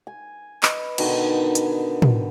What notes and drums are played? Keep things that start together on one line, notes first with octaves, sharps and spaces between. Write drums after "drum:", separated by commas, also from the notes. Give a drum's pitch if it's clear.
G#5
B4 D#5, drum: clap
B2 D3 D#3, drum: cymbal
drum: hi-hat
drum: tom